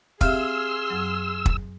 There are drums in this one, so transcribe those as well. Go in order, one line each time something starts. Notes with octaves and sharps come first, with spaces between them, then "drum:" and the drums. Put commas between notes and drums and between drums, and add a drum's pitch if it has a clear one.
C4 G4 G#4 E5 F5 C6 E6 F6, drum: kick
F#2 F#3
drum: kick